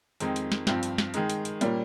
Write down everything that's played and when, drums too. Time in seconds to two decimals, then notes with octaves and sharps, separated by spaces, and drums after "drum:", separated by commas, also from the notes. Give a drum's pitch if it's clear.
0.20 F2 D#3 G#3 C4 D#4, drum: hi-hat
0.36 drum: hi-hat
0.52 drum: snare
0.67 G2 F3 C4, drum: snare
0.83 drum: hi-hat
0.98 drum: snare
1.14 D#3 G#3 D#4, drum: hi-hat
1.30 drum: hi-hat
1.45 drum: hi-hat
1.61 A#2 G3 A#3 C#4, drum: hi-hat